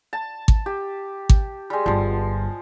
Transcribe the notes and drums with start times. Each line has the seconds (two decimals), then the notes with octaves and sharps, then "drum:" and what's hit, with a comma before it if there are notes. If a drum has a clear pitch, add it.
0.13 A5
0.48 drum: kick G#1
0.66 G4
1.29 drum: kick G#1
1.70 G3 G#3
1.86 G1 G2 F3